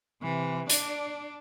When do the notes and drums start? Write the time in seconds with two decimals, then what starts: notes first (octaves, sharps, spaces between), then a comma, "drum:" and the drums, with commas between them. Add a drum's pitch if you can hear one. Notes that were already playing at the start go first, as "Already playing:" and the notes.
0.22 C3 E3
0.69 D4 D5, drum: hi-hat